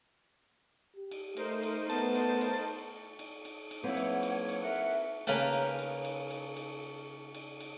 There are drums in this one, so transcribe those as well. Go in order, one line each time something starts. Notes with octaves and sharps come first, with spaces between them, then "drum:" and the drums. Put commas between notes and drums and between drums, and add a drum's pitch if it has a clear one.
G4
drum: cymbal
A3 D#4 A#4 C5, drum: cymbal
drum: cymbal
A3 B3 A5, drum: cymbal
drum: cymbal
drum: cymbal
drum: cymbal
drum: cymbal
drum: cymbal
F#3 A#3 C4 E4 B4 C#5 F#5
drum: cymbal
drum: cymbal
drum: cymbal
A#4 E5 F#5
C#3 A#3 C#4 B4 G5 A5
drum: cymbal
drum: cymbal
drum: cymbal
drum: cymbal
drum: cymbal
drum: cymbal
drum: cymbal